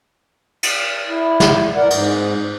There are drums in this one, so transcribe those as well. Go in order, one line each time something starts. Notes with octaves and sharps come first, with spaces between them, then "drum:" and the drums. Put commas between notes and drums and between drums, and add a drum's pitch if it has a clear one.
drum: cymbal
E4
drum: snare
E3 A#4 D5 F#5
G#2, drum: cymbal